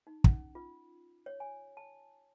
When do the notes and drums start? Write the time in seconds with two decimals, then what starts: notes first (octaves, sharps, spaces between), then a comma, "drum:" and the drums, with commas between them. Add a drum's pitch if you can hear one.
0.07 D#4
0.24 C#4, drum: kick
0.55 F4
1.26 C#5
1.40 G#5
1.77 A5